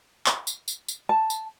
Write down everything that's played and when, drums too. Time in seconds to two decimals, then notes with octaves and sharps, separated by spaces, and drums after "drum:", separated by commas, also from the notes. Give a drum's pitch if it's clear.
0.26 drum: clap
0.47 drum: tambourine
0.68 drum: tambourine
0.88 drum: tambourine
1.09 A5
1.30 drum: tambourine